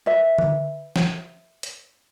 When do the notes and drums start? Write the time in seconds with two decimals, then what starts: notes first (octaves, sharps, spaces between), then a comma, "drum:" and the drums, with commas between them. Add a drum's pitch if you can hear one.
0.06 B4 E5
0.38 drum: tom D3
0.96 drum: snare
1.63 drum: hi-hat